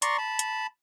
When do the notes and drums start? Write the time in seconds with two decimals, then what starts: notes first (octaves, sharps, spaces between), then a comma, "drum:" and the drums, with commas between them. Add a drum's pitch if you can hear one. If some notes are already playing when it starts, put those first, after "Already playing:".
0.02 D5 A#5 C6 C#6, drum: hi-hat
0.18 A5 B5
0.39 drum: hi-hat